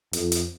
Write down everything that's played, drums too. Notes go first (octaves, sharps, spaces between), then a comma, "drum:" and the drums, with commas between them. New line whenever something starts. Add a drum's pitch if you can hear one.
F2, drum: hi-hat
drum: hi-hat